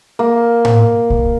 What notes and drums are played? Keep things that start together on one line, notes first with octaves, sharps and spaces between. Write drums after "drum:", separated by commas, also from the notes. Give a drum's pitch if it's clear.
A#3
drum: tom A2
drum: kick